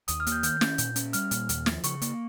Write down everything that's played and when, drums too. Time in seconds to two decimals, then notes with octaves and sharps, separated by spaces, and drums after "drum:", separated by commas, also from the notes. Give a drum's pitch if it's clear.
0.08 D#2 D#6, drum: hi-hat
0.20 F6
0.27 A#3, drum: hi-hat
0.32 G6
0.43 D#3 G6, drum: hi-hat
0.61 C#4, drum: snare
0.78 A#2, drum: hi-hat
0.96 C#4, drum: hi-hat
1.13 G3 F6, drum: hi-hat
1.31 A#2, drum: hi-hat
1.49 D#2, drum: hi-hat
1.66 F3, drum: snare
1.84 C#3 C#6, drum: hi-hat
2.02 A#3, drum: hi-hat